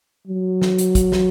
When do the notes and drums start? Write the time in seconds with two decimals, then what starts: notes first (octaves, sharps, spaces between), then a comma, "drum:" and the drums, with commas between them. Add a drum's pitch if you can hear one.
0.27 F#3
0.62 drum: snare
0.78 drum: hi-hat
0.95 drum: kick, hi-hat
1.12 drum: snare